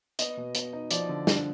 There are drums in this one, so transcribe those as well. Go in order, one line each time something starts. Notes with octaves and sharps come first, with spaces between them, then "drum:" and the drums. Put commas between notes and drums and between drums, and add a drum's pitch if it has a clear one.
B3 D#5, drum: hi-hat
B2
B2, drum: hi-hat
D#4
F3 D5, drum: hi-hat
D3
D4, drum: snare